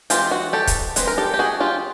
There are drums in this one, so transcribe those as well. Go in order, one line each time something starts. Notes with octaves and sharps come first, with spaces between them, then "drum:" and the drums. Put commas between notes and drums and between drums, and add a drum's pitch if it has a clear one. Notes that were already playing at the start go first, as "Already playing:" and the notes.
E3 G#3 C4 F4 G4, drum: hi-hat
F#4
G4 A4
drum: kick, hi-hat
E3 G#3 C4 B4, drum: hi-hat
A#4
G4 A4
G4
F#4 G#4
F4 G4